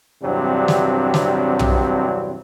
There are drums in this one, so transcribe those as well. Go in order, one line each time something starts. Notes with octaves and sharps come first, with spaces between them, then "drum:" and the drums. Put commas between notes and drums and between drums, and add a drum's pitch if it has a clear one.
E2 G2 C3 F#3 C4 D4
drum: snare
drum: snare
drum: tom